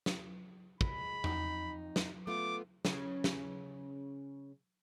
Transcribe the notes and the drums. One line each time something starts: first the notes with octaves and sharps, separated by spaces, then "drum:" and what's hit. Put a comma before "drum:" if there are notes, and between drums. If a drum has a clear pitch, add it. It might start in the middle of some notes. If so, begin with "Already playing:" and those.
drum: snare
G#3 B5, drum: kick
F2 D#4, drum: tom E2
drum: snare
A3 B3 F4 D6
C#3 C#4, drum: snare
drum: snare